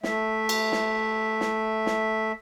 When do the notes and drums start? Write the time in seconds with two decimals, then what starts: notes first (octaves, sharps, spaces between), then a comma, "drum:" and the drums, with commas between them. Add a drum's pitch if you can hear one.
0.03 A3 E5, drum: snare
0.49 drum: cymbal
0.72 drum: snare
1.41 drum: snare
1.86 drum: snare